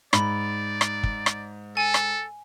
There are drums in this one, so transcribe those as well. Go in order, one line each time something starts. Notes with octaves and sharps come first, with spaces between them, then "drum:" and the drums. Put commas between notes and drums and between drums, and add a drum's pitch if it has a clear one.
G#2 D5 B5, drum: rim click
drum: rim click
drum: kick
drum: rim click
A4 G#5
drum: rim click